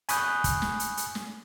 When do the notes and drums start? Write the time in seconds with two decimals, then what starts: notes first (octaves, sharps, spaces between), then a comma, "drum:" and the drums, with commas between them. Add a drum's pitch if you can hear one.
0.09 G#5 B5 C#6 D#6 F#6 G6, drum: hi-hat
0.44 drum: kick, hi-hat
0.62 drum: snare
0.80 drum: hi-hat
0.97 drum: hi-hat
1.15 drum: snare